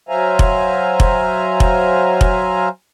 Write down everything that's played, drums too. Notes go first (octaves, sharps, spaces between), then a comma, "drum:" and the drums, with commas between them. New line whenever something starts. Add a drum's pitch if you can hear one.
F#3 C5 E5 F5 G#5 A#5
drum: kick F1
drum: kick F1
drum: kick F1
drum: kick F1